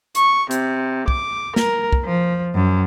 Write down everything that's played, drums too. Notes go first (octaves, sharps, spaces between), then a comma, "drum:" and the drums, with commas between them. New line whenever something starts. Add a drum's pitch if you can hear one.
C#6, drum: hi-hat
C3, drum: hi-hat
D6, drum: kick
A#4, drum: snare
drum: kick
F3
F#2